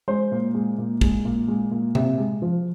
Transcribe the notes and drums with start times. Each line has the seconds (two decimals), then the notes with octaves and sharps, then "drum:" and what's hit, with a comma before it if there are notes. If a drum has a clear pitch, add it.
0.08 G#3 C5
0.32 A#2
0.55 G#3
0.78 A#2
1.01 G#3, drum: kick
1.25 A#2
1.48 G#3
1.71 A#2
1.95 C3, drum: tom A#2
2.18 G#3
2.42 F3